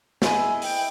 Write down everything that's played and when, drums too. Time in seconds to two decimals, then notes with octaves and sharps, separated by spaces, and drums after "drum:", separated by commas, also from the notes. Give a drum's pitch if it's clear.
0.22 E4 G#4 D#5 G#5, drum: snare
0.62 G5, drum: open hi-hat